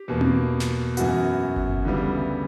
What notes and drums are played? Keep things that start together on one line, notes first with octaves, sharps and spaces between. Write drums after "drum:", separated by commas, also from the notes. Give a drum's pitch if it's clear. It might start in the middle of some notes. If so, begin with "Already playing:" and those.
Already playing: G4
E2 B2 A#3
drum: tom C4
drum: snare
F#2 E3 B3 F#4, drum: hi-hat
drum: kick G1
D2 C#3 E3 G3 B3